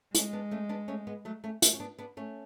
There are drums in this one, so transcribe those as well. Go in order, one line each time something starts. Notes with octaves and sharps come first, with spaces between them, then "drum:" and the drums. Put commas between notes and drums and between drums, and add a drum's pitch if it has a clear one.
G#3 A3 C#4, drum: hi-hat
B3 D4
A3 C#4
B3 D4
A3 C#4
G#3 B3
F#3 A3
A3 C#4
A3 C#4, drum: hi-hat
C#4
B3 D4
B3 D4
A3 C#4